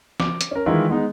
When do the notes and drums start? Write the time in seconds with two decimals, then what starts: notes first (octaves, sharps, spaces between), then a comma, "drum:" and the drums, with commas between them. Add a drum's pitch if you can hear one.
0.20 D6, drum: snare
0.41 drum: hi-hat
0.51 C#4 A#4
0.66 D#3 E3 G#3 E4 F4 A#4
0.89 G#3 B3 D#4